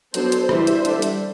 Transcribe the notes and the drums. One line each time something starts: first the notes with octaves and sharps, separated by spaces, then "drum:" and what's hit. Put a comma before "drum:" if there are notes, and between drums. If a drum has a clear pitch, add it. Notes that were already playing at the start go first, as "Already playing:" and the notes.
F#3 B3 D4 A4 C5, drum: hi-hat
drum: hi-hat
E3 G3 D4 C5 E5, drum: rim click
drum: hi-hat
D3 G3 D4, drum: hi-hat
drum: hi-hat